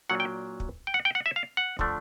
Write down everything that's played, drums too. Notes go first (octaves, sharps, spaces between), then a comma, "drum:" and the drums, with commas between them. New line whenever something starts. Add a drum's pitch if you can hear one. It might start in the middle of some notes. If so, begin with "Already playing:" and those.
A#2 F#3 A#3 D4 F#5
G5
drum: kick
G5
F#5
G5
F#5
E5
F5
F#5
D3 F3 A3 D4, drum: kick